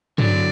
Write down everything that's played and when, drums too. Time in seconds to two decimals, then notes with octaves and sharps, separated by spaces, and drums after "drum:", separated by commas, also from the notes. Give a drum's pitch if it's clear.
0.18 D3 F#3 D5, drum: tom